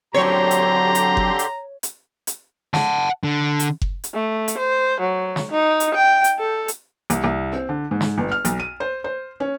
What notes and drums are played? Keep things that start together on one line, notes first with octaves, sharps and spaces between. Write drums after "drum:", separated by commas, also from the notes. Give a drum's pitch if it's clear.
D3 F#3 C4 G4 C#5 A#5 C6
drum: hi-hat
drum: hi-hat
drum: kick F#1
drum: hi-hat
drum: hi-hat
drum: hi-hat
F#5 A5, drum: snare
D3
drum: hi-hat
drum: kick F#1
drum: hi-hat
A3
drum: hi-hat
C5
F#3
drum: snare
D#4
drum: hi-hat
G5
drum: hi-hat
A4
drum: hi-hat
C2, drum: hi-hat
C2
C4
D3
G#2
drum: snare
G1
F6
B1, drum: hi-hat
D#7
C5
C5
C#4